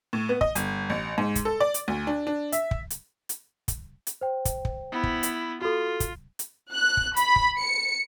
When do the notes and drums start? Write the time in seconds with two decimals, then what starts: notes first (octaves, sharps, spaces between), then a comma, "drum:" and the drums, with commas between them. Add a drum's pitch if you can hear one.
0.13 A2
0.29 B3
0.41 D#5, drum: kick
0.55 G1, drum: hi-hat
0.90 A1
1.18 G#2
1.36 drum: kick, hi-hat
1.45 A4
1.60 D5
1.74 drum: hi-hat
1.88 D2
2.07 D4
2.27 D4
2.52 E5, drum: hi-hat
2.71 drum: kick
2.90 drum: hi-hat
3.29 drum: hi-hat
3.68 drum: kick, hi-hat
4.07 drum: hi-hat
4.21 C5 G5
4.45 drum: kick, hi-hat
4.65 drum: kick
4.92 B3 E4
5.03 drum: kick
5.23 drum: hi-hat
5.61 F4 F#4 A4
6.00 drum: kick, hi-hat
6.39 drum: hi-hat
6.73 F#6
6.97 drum: kick
7.16 B5, drum: hi-hat
7.36 drum: kick
7.59 C#7